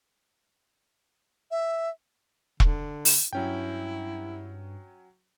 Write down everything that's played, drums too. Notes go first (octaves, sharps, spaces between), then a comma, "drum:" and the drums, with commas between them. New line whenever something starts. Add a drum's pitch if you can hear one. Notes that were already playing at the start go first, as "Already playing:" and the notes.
E5
D3, drum: kick E1
drum: open hi-hat
G2 F#3 C#4 E4 G5